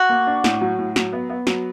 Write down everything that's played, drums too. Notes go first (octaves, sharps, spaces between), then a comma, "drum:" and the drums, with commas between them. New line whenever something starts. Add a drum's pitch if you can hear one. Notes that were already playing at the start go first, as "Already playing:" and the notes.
Already playing: F#4
A#3
D4
A2, drum: snare
F#3
A2
F#3, drum: snare
B3
B3
F#3, drum: snare